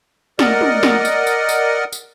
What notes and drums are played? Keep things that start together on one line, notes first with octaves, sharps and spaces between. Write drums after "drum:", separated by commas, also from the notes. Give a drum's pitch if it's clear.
A#4 D5 D#5 F#5, drum: snare
drum: tom
drum: snare
drum: tambourine
drum: tambourine
drum: tambourine
drum: tambourine